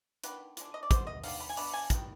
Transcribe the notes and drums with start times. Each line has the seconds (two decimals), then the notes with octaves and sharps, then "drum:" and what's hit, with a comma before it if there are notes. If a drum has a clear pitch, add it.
0.24 D#3 B3 D4 B4, drum: hi-hat
0.57 D3 G#3 D4, drum: hi-hat
0.74 D#5
0.83 D5
0.91 D3 G#3 B3 C5, drum: kick, hi-hat
1.07 D#5
1.24 D#3 B3 D4 F5, drum: open hi-hat
1.40 B5
1.49 G#5
1.57 B2 B3 D4 B5, drum: open hi-hat
1.73 G#5
1.90 D#3 G3 B3, drum: kick, hi-hat